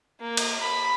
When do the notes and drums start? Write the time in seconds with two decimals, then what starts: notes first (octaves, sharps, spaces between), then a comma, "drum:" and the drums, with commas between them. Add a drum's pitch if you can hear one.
0.21 A#3
0.37 drum: cymbal
0.60 B5